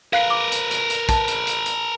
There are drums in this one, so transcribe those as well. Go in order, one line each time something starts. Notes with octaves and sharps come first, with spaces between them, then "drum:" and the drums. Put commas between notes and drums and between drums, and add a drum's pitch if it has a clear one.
A#4 B4 F5 F#6 C7
D6
drum: hi-hat
drum: hi-hat
drum: hi-hat
A5, drum: kick, hi-hat
drum: hi-hat
drum: hi-hat
drum: hi-hat